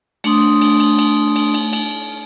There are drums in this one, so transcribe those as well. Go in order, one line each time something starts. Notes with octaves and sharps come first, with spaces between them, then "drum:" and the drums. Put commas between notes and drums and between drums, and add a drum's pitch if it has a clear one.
A3 D4 C6 D#6, drum: cymbal
drum: cymbal
drum: cymbal
drum: cymbal
drum: cymbal
drum: cymbal
drum: cymbal